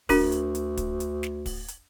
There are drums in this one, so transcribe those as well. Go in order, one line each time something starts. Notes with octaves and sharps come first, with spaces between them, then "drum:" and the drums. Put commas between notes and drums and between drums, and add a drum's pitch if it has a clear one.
D2 D4 F#4 A#4, drum: kick, open hi-hat
drum: hi-hat
drum: hi-hat
drum: kick, hi-hat
drum: hi-hat
drum: snare
drum: kick, open hi-hat
drum: hi-hat